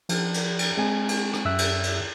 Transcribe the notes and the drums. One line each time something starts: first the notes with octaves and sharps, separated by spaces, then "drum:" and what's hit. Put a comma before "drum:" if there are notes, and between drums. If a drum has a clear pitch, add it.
F3, drum: cymbal
drum: cymbal
drum: cymbal
G#3 C4 G#5
drum: cymbal
drum: rim click
F#2 E5 E6 F#6
drum: cymbal
drum: cymbal